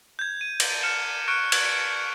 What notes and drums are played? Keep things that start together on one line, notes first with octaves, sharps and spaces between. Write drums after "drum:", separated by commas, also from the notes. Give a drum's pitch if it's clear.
G6 G#6
D#7
drum: cymbal
D#7
F6 C#7 E7
C#6 F6 F#6 C#7 D7
G#6, drum: cymbal